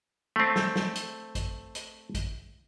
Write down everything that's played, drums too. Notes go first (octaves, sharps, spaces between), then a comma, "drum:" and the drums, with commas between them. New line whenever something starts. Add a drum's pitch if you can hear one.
A3 C4
drum: snare
drum: snare
drum: hi-hat
drum: kick, hi-hat
drum: hi-hat
drum: kick, hi-hat